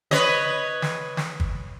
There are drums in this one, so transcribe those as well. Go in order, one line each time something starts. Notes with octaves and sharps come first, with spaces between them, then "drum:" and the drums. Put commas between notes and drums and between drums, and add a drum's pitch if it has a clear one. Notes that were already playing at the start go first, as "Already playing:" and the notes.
B4 C#5 D#5, drum: snare
drum: snare
drum: snare
drum: kick G1